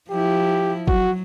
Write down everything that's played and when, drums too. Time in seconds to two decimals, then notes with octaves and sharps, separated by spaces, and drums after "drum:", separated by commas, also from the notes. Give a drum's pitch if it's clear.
0.10 F3 E4 G4
0.88 F#3 F#4, drum: kick G1